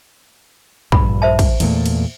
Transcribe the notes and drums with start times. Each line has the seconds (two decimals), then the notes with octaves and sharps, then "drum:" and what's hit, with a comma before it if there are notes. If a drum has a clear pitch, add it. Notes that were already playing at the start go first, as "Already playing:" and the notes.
0.92 A#1 G2 B5, drum: kick
1.22 C5 E5 A5
1.39 drum: kick, cymbal
1.60 E2 A#2 A3, drum: cymbal
1.86 drum: cymbal